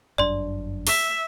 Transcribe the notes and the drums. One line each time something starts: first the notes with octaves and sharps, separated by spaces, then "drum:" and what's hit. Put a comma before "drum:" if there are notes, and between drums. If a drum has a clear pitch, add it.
G1 F#2 D4 D5 C6
E5, drum: open hi-hat